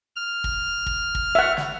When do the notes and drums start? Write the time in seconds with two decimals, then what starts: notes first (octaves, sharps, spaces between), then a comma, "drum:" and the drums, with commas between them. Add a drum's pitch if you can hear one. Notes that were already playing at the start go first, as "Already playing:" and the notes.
0.16 F6
0.44 drum: kick
0.86 drum: kick
1.15 drum: kick
1.35 E5 F#5
1.57 drum: snare